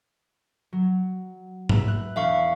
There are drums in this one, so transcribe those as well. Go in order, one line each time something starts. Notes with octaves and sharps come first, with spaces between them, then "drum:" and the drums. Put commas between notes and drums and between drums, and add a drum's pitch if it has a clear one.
F#3
B4 E5, drum: tom G#2
F#6
E1 E5 F5 C#6